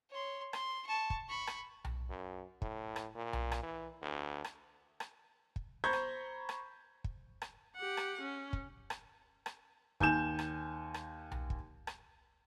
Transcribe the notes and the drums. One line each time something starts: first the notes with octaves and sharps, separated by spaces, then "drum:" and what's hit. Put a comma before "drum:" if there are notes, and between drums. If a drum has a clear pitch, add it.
C#5 C6
C6, drum: rim click
A5 C#6
drum: kick
B5 C#6
drum: rim click
drum: tom B1
F#2
A2, drum: kick
drum: rim click
A#2
drum: tom B1
drum: rim click
E3
D2
drum: rim click
drum: rim click
drum: kick
C5 A#5 B5 C#6 G6 G#6
drum: rim click
drum: rim click
drum: kick
drum: rim click
G4 F#5
drum: rim click
C#4
drum: kick
drum: rim click
drum: rim click
D#2 G#5 G6 E7, drum: kick
drum: rim click
drum: rim click
drum: tom B1
drum: kick
drum: rim click